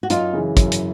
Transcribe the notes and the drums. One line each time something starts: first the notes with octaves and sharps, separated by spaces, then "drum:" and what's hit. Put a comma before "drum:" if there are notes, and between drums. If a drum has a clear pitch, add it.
F#4
F#2 D#4 F4, drum: hi-hat
C#3 E3
F#2, drum: kick, hi-hat
drum: hi-hat